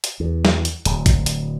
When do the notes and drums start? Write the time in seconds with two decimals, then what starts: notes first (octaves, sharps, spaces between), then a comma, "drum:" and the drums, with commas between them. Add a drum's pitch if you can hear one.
0.04 drum: hi-hat
0.20 E2
0.45 drum: snare
0.65 drum: hi-hat
0.85 D1, drum: hi-hat
1.06 drum: kick, hi-hat
1.26 drum: hi-hat